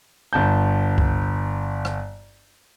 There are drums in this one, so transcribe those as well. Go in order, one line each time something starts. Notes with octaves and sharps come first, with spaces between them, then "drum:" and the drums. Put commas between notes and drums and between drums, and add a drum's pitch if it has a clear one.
G1 A5 G6
drum: kick C2
drum: rim click